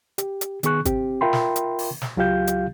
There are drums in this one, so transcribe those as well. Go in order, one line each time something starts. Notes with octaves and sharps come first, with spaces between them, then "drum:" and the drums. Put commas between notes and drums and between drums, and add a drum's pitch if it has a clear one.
G4, drum: hi-hat
drum: hi-hat
D#3 B3 G#4 C#6 F#6, drum: hi-hat
C4 G4, drum: kick, hi-hat
F4 A#4 E5 G5 B5 C6
drum: snare
drum: hi-hat
drum: open hi-hat
drum: snare
C#2 F#3 F4 G4 F5 G6
drum: hi-hat